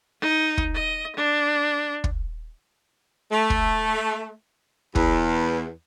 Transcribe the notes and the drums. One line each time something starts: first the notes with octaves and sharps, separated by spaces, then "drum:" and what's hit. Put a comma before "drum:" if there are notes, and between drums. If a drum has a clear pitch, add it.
D#4
drum: kick
D#5
D4
drum: kick
A3
drum: kick
E2, drum: kick